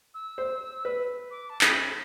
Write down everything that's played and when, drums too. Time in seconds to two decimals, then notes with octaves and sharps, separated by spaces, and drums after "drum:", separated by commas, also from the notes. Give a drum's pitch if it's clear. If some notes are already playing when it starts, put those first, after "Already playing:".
0.14 E6
0.38 C5
0.85 B4
1.31 D6
1.50 A5
1.61 B5, drum: clap